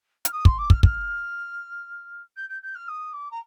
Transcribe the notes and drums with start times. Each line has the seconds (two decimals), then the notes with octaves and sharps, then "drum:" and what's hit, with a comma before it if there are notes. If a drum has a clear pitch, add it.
0.25 F6, drum: hi-hat
0.32 D#6
0.45 C6, drum: kick
0.58 D6
0.70 F6, drum: kick
0.83 F6, drum: kick
2.36 G6
2.49 G6
2.62 G6
2.75 F6
2.88 D#6
3.13 D6
3.31 A#5